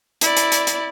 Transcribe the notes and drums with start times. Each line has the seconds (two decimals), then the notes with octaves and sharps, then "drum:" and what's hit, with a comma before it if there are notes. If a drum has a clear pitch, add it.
0.21 E4 D5, drum: hi-hat
0.37 drum: hi-hat
0.52 drum: hi-hat
0.67 drum: hi-hat